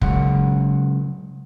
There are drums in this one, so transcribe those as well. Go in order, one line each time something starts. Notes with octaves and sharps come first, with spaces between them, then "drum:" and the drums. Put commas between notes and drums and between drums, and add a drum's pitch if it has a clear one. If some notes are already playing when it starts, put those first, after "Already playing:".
C#3 F#3 G#3 F#5, drum: kick F1